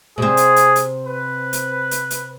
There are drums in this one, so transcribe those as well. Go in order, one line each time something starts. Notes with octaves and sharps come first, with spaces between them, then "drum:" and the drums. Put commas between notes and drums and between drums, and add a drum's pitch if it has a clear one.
C3 C4 G#4
drum: hi-hat
drum: hi-hat
drum: hi-hat
B4
drum: hi-hat
drum: hi-hat
drum: hi-hat